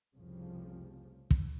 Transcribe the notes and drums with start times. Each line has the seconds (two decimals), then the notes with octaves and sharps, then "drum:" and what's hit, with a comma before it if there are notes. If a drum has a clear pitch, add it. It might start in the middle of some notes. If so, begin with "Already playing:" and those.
0.17 F1 C2 C#3 F3
1.31 drum: kick